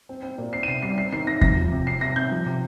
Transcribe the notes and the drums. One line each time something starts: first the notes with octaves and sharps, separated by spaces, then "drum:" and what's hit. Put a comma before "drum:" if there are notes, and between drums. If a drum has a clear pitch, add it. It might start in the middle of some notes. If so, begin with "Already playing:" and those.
C4
C4
A#2
C4 C7
D#7
C3 C7
G3 C7
C4 C7
D#3 C7
D#3 A#6
C3 A#6, drum: kick E2
F3
C3
C3 C7
C3 A#6
C3 G6
F3
C3